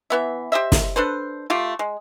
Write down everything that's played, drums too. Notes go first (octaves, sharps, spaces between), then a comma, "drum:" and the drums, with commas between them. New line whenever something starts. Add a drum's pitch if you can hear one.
E3 B3 E5
G4 C5 D#5 E5
drum: snare
D4 A4 B4 C5
A3 F4 G4
G#3